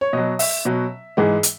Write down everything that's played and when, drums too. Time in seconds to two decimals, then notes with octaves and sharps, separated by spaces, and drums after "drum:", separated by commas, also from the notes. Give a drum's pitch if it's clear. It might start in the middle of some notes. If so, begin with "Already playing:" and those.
0.01 C#5
0.13 B2 F#3 D#5
0.39 E5, drum: open hi-hat
0.65 B2 F#3
1.17 G#2 E3 G#3
1.43 drum: hi-hat